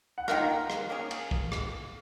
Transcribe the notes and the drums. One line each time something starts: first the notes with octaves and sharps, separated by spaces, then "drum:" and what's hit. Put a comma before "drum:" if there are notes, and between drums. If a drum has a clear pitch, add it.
F#5
D#3 A#3 F4 A#4 F5, drum: rim click
drum: rim click
A#3 C#4 G#4
drum: cymbal
drum: kick
drum: rim click